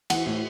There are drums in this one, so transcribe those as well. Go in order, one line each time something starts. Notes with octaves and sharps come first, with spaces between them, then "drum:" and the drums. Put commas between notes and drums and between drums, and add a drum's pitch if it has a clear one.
E3 F#5, drum: cymbal
A2